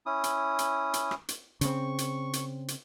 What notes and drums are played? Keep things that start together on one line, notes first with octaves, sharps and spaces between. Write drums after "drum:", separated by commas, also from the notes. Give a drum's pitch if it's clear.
C#4 E4 D#6
drum: hi-hat
drum: hi-hat
drum: hi-hat
drum: rim click
drum: hi-hat
C#3 C4 C#6, drum: hi-hat
drum: hi-hat
drum: hi-hat
drum: hi-hat